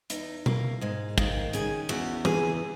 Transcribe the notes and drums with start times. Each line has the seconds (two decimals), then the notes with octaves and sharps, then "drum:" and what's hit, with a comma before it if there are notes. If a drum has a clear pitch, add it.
0.10 E2 D#4, drum: hi-hat
0.46 E2 A#3, drum: tom B2
0.81 G#2 G#3
1.18 D#3 A#3, drum: kick
1.53 C#3 G#4, drum: hi-hat
1.89 E2 F#4, drum: cymbal
2.25 E3 G#4, drum: tom E3